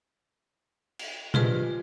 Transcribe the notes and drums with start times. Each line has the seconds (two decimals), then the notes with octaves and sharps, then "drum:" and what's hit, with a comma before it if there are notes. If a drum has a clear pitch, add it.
0.99 drum: cymbal
1.34 G2 F3 G#3 F4 G#4 B4, drum: tom A#2